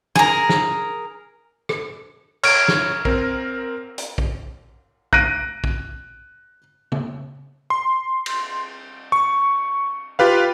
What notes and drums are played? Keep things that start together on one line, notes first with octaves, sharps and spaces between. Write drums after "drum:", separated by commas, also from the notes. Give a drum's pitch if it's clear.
G#4 A#4, drum: snare
drum: snare
drum: rim click
C#5 F6 G#6 D7, drum: cymbal
drum: snare
C4 A#4, drum: kick
drum: hi-hat
drum: kick
F#6 A#6 D7 D#7, drum: kick
drum: kick
drum: tom C#3
C6
drum: cymbal
C#6
F4 G4 B4 F5